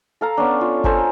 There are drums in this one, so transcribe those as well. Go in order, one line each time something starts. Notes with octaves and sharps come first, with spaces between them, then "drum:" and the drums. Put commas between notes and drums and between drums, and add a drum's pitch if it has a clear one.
A4 F5 A#5
B3 C#4 D4
F4
A4 C5 G#5 A#5, drum: kick G1